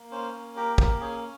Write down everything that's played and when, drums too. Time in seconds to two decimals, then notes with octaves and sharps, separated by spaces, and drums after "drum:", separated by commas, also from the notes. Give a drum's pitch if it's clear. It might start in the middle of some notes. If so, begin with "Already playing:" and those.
Already playing: A#3
0.11 C#4 C5
0.33 A#3
0.56 G4 A#4
0.78 A#3 A#4, drum: kick
1.01 C#4 G#4